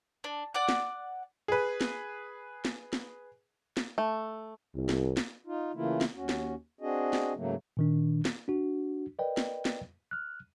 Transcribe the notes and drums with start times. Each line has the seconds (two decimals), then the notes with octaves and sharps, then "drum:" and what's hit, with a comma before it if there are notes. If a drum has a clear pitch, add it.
0.24 D4
0.54 D5 F#5 D6
0.69 drum: snare
1.48 G#4 B4
1.81 drum: snare
2.65 drum: snare
2.93 drum: snare
3.77 drum: snare
3.98 A3
4.74 C2
4.89 drum: snare
5.17 drum: snare
5.46 D#4 F4
5.75 C#3 E3 A3 A#3 E4 F4
6.01 drum: snare
6.15 D#2 C#4 F#4
6.29 drum: snare
6.81 C4 D4 F#4 G#4 D#5
7.13 drum: snare
7.36 G#2 C#3 F#3 A3 A#3
7.77 A#2 D#3 D4
8.25 drum: snare
8.48 D4 F#4
9.19 A#4 B4 D5 D#5 G5
9.37 drum: snare
9.65 drum: snare
10.11 F6 F#6